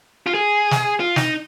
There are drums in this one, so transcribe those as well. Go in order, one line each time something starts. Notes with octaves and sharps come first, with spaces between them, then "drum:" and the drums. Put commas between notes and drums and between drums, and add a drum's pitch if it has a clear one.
F4
G#4
drum: snare
F4
D#4, drum: snare